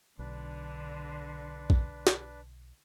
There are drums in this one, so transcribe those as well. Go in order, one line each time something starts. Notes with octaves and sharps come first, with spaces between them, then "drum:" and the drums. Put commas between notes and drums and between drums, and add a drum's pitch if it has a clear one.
B1 D3 D4 B4
drum: kick A#1
drum: snare